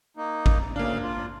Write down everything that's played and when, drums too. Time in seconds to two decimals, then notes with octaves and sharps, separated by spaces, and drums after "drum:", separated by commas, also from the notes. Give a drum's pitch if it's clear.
0.17 A#3 D#4
0.46 drum: kick A1
0.76 D2 C#3 A#3 D4 F5
1.02 F4